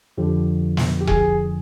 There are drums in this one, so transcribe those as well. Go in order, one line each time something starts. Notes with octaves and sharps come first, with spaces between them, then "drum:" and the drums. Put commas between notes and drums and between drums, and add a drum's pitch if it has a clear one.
F2 D3 F3 G4
drum: snare
G4
G#4, drum: kick E1